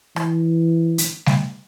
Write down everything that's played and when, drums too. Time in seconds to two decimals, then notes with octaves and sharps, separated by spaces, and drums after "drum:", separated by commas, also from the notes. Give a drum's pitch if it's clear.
0.16 E3, drum: rim click
0.98 drum: hi-hat
1.26 drum: snare G3